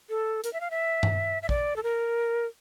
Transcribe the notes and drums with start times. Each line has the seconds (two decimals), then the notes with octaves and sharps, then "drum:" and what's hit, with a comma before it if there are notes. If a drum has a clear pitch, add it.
0.10 A4
0.44 A#4, drum: hi-hat
0.53 E5
0.61 F5
0.71 E5
1.03 drum: tom G2
1.43 E5
1.49 D5, drum: kick A#1
1.76 A4
1.83 A#4